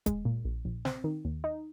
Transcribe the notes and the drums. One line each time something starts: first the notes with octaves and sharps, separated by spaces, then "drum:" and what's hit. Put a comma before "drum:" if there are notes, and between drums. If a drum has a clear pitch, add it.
G#3, drum: kick D#1, hi-hat
A#2
A#1
A#1
C4, drum: snare
D#3
D#2
D#4